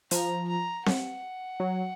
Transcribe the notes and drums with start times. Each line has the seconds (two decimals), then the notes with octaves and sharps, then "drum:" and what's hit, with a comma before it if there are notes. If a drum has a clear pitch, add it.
0.11 F3 A#5, drum: hi-hat
0.48 A#5
0.86 F#5, drum: snare C4
1.60 F#3